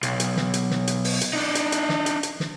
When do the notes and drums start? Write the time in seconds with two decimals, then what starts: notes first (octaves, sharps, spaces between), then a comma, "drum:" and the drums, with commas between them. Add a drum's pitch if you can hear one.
0.03 B1, drum: hi-hat
0.20 drum: hi-hat
0.37 drum: snare
0.54 drum: hi-hat
0.71 drum: snare
0.87 drum: hi-hat
1.04 drum: open hi-hat
1.21 drum: hi-hat
1.33 D4 D#4
1.55 drum: hi-hat
1.72 drum: hi-hat
1.89 drum: snare
2.06 drum: hi-hat
2.23 drum: hi-hat
2.40 drum: snare